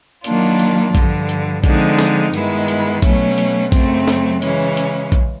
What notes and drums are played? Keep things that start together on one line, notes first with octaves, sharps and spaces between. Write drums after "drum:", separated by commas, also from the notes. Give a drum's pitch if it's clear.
D#3 F#3 A#3 D4 F4, drum: hi-hat
drum: hi-hat
G2 D3 F3, drum: kick A#1, hi-hat
drum: hi-hat
D3 F3 G#3 C4 D#4, drum: kick A#1, hi-hat
drum: snare
G2 D#3 G#3 B3 E4, drum: hi-hat
drum: hi-hat
B2 F#3 A3 C#4, drum: kick A#1, hi-hat
drum: hi-hat
F#2 C#3 F#3 A3 C4, drum: kick A#1, hi-hat
drum: snare
C#3 E3 G#3 C#4, drum: hi-hat
drum: hi-hat
drum: kick A#1, hi-hat